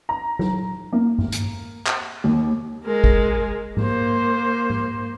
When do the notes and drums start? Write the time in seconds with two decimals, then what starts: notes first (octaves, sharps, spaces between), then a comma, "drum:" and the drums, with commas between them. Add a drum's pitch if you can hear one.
0.09 A#5
0.39 drum: tom F#3
0.93 A#3
1.18 drum: tom G2
1.32 drum: hi-hat
1.87 drum: clap
2.24 D#2
2.85 G#3 A#4
3.04 drum: kick
3.77 A#3 C5, drum: tom G#2
4.70 drum: tom G#2